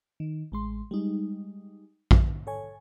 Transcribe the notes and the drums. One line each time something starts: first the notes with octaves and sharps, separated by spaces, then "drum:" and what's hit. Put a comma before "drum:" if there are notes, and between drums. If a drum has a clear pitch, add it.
D#3
A1 G#3 C6
G3 G#3 D#4
drum: kick A#1
A4 C#5 G#5